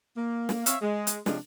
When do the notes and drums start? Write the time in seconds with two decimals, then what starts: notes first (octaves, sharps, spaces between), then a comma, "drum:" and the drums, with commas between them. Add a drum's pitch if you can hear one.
0.17 A#3
0.49 drum: snare
0.66 C4 C#5 E5 F5, drum: hi-hat
0.82 G#3
1.07 drum: hi-hat
1.26 C3 F3 G#3 C#4 D4, drum: snare